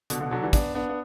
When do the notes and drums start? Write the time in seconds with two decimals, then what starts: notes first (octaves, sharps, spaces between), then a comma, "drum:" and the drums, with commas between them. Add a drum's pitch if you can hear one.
0.10 B2 D3, drum: hi-hat
0.20 B2 D3
0.31 D3 F#3
0.43 E3 G3
0.53 B3 D4, drum: kick, hi-hat
0.75 B3 D4
0.89 B3